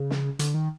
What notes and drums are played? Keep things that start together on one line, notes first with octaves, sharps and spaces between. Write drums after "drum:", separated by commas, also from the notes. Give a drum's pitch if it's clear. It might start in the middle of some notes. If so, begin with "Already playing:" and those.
Already playing: C#3
drum: snare
D3, drum: hi-hat
D#3